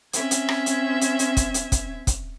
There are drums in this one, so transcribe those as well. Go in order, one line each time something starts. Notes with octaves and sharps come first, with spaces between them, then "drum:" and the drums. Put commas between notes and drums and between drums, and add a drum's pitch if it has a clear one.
C4 C#4 E5 G#6, drum: hi-hat
drum: hi-hat
drum: rim click
drum: hi-hat
drum: hi-hat
drum: hi-hat
drum: kick, hi-hat
drum: hi-hat
drum: kick, hi-hat
drum: kick, hi-hat